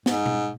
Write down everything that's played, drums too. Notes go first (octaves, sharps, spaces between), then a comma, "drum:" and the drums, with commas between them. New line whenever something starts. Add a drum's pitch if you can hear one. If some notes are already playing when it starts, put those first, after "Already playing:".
G#2, drum: snare
drum: tom B2